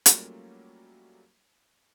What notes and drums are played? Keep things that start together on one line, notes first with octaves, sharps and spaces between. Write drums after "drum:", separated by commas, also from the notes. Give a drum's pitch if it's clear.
F#3 G3 A3 A#3 C#4 F4, drum: hi-hat